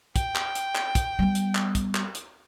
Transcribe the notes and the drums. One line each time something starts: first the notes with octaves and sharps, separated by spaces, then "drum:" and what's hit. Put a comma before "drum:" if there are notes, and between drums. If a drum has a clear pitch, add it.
G5, drum: kick, hi-hat
drum: clap
drum: hi-hat
drum: clap
drum: kick, hi-hat
G3 B3
drum: hi-hat
drum: clap
drum: kick, hi-hat
drum: clap
drum: hi-hat